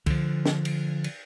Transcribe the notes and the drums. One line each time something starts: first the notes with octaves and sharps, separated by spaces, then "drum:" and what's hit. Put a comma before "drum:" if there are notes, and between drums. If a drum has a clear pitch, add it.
D3 F3, drum: kick C2, cymbal
drum: snare
drum: cymbal
drum: cymbal